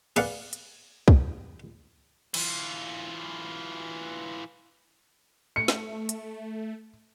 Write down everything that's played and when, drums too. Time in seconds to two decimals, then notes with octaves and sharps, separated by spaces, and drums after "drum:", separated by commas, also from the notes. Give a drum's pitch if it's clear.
0.16 G#4 B4 D5 F5 F#5, drum: cymbal
0.53 drum: hi-hat
1.08 drum: kick
2.34 E3 F4, drum: cymbal
5.56 A3 C#7
5.68 drum: snare
6.09 drum: hi-hat